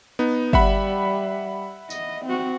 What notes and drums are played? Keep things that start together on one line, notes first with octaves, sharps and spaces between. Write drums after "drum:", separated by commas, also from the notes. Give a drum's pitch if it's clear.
B3 D#4
G3 E5 F#5 B5, drum: kick G1
D#5, drum: tambourine
C4 F#4